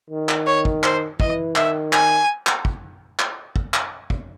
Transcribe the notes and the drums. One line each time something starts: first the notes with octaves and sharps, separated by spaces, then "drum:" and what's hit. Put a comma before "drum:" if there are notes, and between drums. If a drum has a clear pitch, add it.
D#3
drum: clap
C#5
drum: kick
C5, drum: clap
E3 D#5, drum: kick
D#3 E5, drum: clap
G#5, drum: clap
drum: clap
drum: kick
drum: clap
drum: kick
drum: clap
drum: kick